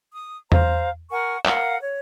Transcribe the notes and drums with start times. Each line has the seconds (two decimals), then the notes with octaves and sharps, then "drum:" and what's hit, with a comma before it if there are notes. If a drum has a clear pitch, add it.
0.12 D#6
0.52 C5 F5 A#5, drum: tom E2
1.11 A#4 F#5 G#5 C#6
1.45 A#4 F5 F#5, drum: clap
1.81 C#5